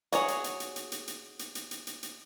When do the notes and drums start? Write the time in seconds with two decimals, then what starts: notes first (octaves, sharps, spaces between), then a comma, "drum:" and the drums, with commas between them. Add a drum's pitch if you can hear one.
0.12 F#4 G#4 C#5, drum: hi-hat
0.28 drum: hi-hat
0.44 drum: hi-hat
0.60 drum: hi-hat
0.76 drum: hi-hat
0.92 drum: hi-hat
1.08 drum: hi-hat
1.39 drum: hi-hat
1.55 drum: hi-hat
1.71 drum: hi-hat
1.87 drum: hi-hat
2.03 drum: hi-hat